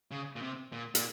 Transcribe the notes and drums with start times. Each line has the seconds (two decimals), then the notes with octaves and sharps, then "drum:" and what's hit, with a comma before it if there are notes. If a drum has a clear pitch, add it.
0.11 C#3
0.36 A#2
0.42 C3
0.73 A#2
0.95 A#2, drum: hi-hat